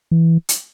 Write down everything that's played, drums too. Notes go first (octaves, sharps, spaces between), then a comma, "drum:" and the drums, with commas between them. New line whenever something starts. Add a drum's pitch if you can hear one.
E3
drum: hi-hat